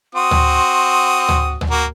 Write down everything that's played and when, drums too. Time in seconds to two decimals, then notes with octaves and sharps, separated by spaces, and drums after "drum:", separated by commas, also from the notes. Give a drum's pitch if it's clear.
0.15 C4 F#4 C6 D#6
0.31 drum: tom D2
1.29 drum: tom D2
1.61 drum: tom D2
1.70 A#3 F#4